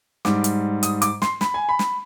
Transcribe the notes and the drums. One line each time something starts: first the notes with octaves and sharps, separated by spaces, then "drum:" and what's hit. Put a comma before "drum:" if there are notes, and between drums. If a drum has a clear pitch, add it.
G#2 G3 D6, drum: snare
drum: hi-hat
D#6, drum: hi-hat
D6, drum: hi-hat
C6, drum: snare
B5, drum: snare
G#5
B5
drum: snare